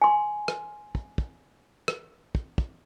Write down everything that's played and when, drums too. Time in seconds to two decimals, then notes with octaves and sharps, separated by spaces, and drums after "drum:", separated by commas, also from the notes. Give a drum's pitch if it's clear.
0.02 G#5 C6
0.48 drum: rim click
0.95 drum: kick
1.18 drum: kick
1.88 drum: rim click
2.35 drum: kick
2.58 drum: kick